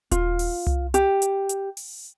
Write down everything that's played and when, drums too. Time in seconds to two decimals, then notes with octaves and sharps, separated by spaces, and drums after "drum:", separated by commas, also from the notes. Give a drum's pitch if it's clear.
0.11 F4, drum: kick D#1, hi-hat
0.39 drum: open hi-hat
0.67 drum: tom C2
0.94 G4, drum: hi-hat
1.22 drum: hi-hat
1.49 drum: hi-hat
1.77 drum: open hi-hat